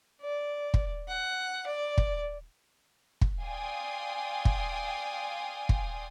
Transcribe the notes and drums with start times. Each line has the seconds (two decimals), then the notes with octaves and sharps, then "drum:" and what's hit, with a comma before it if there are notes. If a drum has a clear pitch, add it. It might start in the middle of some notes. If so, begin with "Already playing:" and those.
0.21 D5
0.74 drum: kick
1.08 F#5
1.67 D5
1.98 drum: kick
3.21 drum: kick
3.42 D5 F5 G5 G#5 C6 D#6
4.45 drum: kick
5.69 drum: kick